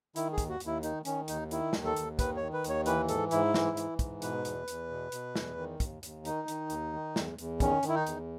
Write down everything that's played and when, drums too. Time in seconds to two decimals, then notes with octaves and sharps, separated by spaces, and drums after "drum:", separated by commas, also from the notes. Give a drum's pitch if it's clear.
0.16 D#3 E4, drum: hi-hat
0.32 G#4
0.38 D#2, drum: kick, hi-hat
0.49 F#4
0.60 D#2, drum: hi-hat
0.66 E4
0.83 D#3 D#4, drum: hi-hat
1.05 D#3 C#4, drum: hi-hat
1.28 D#2 D#4, drum: hi-hat
1.51 D#3 E4, drum: hi-hat
1.73 D#2, drum: snare
1.85 A4
1.96 D#2, drum: hi-hat
2.19 D#3 B4, drum: kick, hi-hat
2.36 D#3 C#5
2.53 B4
2.64 D#2, drum: hi-hat
2.69 C#5
2.86 E3 B4, drum: hi-hat
3.09 G#2 A4, drum: hi-hat
3.31 G#2 E4, drum: hi-hat
3.54 E3, drum: snare
3.77 E3, drum: hi-hat
3.99 G#2, drum: kick, hi-hat
4.22 B2 B4, drum: hi-hat
4.45 E2, drum: hi-hat
4.68 E2, drum: hi-hat
4.90 B2
5.12 B2, drum: hi-hat
5.36 E2, drum: snare
5.58 D#3
5.80 D#2, drum: kick, hi-hat
6.03 D#2, drum: hi-hat
6.25 D#3 D#4, drum: hi-hat
6.48 D#3, drum: hi-hat
6.70 D#2, drum: hi-hat
6.93 D#3
7.16 E2, drum: snare
7.38 E2, drum: hi-hat
7.60 D#3 C#4, drum: kick, hi-hat
7.83 D#3, drum: hi-hat
7.88 E4
7.95 D#4
8.07 E2, drum: hi-hat